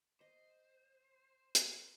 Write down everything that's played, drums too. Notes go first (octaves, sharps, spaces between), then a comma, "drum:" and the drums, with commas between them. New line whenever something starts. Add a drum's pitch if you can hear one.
C5 D#5
A#4, drum: hi-hat